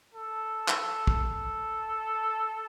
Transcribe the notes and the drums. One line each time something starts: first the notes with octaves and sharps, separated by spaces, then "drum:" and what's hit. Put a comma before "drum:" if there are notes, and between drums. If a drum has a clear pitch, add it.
A4
A4, drum: clap
drum: kick
A4